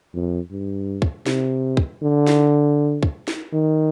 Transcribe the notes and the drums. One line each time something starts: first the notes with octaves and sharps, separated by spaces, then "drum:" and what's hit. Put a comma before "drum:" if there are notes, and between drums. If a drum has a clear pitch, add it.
F2
G2
drum: kick
C3, drum: snare
drum: kick
D3
drum: snare
drum: kick
drum: snare
D#3